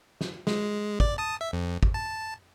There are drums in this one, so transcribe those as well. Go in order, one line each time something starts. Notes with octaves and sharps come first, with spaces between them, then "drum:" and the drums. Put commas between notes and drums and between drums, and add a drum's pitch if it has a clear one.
drum: snare
G#3, drum: snare
D5, drum: kick
A5 D#6
E5
F2
drum: kick
A5